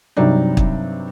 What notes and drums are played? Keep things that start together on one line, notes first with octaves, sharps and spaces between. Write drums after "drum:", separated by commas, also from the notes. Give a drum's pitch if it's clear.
G2 C3 F#3 C4 D4 D#4
drum: kick